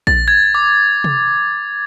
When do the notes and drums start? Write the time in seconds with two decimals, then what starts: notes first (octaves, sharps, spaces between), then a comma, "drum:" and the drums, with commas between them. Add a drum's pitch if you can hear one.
0.07 A6, drum: kick A#1
0.28 G#6
0.55 D6
1.04 drum: tom